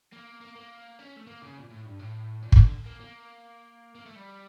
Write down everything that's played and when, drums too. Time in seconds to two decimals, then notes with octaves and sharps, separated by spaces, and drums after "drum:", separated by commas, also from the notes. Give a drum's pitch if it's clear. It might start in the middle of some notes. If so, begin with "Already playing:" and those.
0.12 A#3
0.41 A#3
0.56 A#3
0.99 C#4
1.17 A3
1.27 A#3
1.42 C#3
1.57 A#2
1.70 A2
1.85 G2
1.99 A2
2.42 A#2
2.52 E3, drum: kick
2.56 D3
2.86 A#3
3.00 A#3
3.95 A#3
4.06 A3
4.16 G3